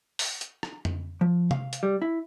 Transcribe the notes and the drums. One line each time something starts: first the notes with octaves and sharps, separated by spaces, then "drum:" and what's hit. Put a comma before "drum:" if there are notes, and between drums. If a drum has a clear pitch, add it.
drum: open hi-hat
drum: hi-hat
drum: rim click
drum: tom F2
F3
F5, drum: tom C3
drum: hi-hat
G3
E4